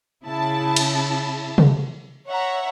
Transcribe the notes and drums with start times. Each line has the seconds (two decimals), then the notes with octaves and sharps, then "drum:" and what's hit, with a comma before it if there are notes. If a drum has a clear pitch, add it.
0.25 C#3 E4 A5
0.76 drum: cymbal
1.58 drum: tom C3
2.29 C#5 E5 F#5 A#5